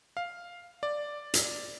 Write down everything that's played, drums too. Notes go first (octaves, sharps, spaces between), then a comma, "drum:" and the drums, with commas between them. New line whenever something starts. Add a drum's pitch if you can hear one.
F5
D5
drum: hi-hat